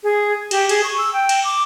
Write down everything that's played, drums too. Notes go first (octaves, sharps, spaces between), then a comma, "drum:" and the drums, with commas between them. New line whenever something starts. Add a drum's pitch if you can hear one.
G#4
G4, drum: cymbal
G#4, drum: cymbal
C#6
E6
G5
drum: cymbal
D6